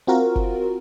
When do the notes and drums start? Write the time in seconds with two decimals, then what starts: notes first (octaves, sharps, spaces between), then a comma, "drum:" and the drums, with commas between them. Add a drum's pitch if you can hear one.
0.07 C4 F4 F#4 A#4
0.36 drum: kick